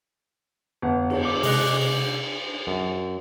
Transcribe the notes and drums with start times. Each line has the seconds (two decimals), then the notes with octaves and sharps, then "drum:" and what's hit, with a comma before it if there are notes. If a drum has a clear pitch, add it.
0.82 G1 F2 B3 F#5
1.10 drum: cymbal
1.25 D6
1.43 C3 G#3 D#5 F#6, drum: open hi-hat
2.67 F#2